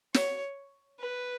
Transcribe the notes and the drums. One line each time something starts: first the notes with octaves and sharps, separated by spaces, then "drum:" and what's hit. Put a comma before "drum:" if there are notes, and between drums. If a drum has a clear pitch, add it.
C#5, drum: snare
B4